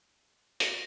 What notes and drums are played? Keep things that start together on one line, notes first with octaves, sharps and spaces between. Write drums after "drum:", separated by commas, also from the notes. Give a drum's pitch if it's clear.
A#6, drum: hi-hat